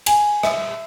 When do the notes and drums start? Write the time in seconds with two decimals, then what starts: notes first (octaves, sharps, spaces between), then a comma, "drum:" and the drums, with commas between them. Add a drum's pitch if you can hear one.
0.06 G#5, drum: cymbal
0.43 E5, drum: rim click